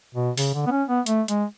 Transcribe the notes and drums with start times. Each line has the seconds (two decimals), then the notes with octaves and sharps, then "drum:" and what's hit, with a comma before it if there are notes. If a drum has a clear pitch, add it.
0.15 B2
0.37 C#3, drum: open hi-hat
0.54 D3
0.67 B3
0.71 C#4
0.89 B3
1.06 A3, drum: hi-hat
1.28 G#3, drum: hi-hat